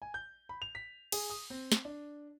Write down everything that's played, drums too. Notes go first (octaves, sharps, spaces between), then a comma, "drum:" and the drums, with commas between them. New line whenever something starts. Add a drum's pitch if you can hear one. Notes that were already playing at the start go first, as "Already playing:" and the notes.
G#5
G6
B5
F7
B6
G#4, drum: cymbal
D#6
C4
drum: snare
D4